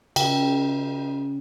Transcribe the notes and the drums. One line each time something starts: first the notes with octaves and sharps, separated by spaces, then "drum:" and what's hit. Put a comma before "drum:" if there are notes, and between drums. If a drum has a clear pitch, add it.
C#3 G5, drum: cymbal